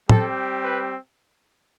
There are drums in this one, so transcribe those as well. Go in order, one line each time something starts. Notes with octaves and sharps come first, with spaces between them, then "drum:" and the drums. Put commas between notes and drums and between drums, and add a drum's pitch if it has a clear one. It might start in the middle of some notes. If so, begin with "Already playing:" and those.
G3 C4 G4 A4, drum: tom A2
B4